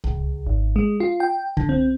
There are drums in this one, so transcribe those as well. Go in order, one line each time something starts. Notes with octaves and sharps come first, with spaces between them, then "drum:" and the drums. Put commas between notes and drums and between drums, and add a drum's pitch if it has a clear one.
C#2, drum: kick C2
G#1
G#3
F4
G5
D3, drum: kick C2
C4